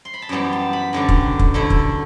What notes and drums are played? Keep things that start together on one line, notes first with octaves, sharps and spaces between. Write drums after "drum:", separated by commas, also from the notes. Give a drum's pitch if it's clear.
C6
B5
A5
F#2 E3 G3 B3 G5
A5
B5
F#2 D3 G3 D4
drum: kick
drum: kick
D3 A3 E4
drum: kick